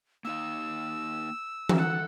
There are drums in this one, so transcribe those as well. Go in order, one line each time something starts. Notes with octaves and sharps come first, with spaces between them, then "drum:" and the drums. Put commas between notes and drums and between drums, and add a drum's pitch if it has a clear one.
A#3 D#4 F5 E6
drum: tom E3
A4 F#5